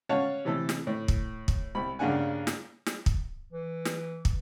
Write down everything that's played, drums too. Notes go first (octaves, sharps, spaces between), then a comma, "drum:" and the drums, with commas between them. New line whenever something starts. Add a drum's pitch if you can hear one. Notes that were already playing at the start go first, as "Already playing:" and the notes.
C#4 C#5 F5 F#5 A5
C3 E3 A3 A4
drum: snare
A2
drum: kick
drum: kick
C2 B5
G2 C#3 A#3 D4 F#5 G#5
drum: snare
drum: snare
drum: kick
E3
drum: snare
drum: kick